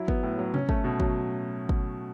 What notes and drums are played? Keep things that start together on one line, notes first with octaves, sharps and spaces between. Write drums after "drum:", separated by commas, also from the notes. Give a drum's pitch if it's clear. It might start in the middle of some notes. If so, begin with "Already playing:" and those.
Already playing: F#3 E4
B3, drum: kick
A2
F#3
C#4, drum: tom C3
A3, drum: kick
B2
F#3, drum: kick
drum: kick